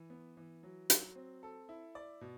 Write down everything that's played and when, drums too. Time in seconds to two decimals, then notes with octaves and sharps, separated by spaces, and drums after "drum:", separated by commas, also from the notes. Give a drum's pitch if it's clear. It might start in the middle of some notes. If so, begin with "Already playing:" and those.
Already playing: E3
0.10 B3
0.37 E3
0.63 F#3
0.90 F#3, drum: hi-hat
1.15 C4
1.43 A4
1.69 E4
1.95 D5
2.21 B2